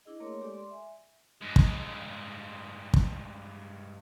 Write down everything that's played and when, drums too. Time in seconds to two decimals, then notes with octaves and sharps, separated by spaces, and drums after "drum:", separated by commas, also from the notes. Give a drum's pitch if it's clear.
0.05 D4 E4 G#4 D#5
0.20 A3 A#3 A#4 C#5 C6 D6
0.41 G#3 G4 A4 D5 D6
0.53 D5 C6
0.70 E5 G#5
1.42 G2 G#3
1.56 drum: kick
2.94 drum: kick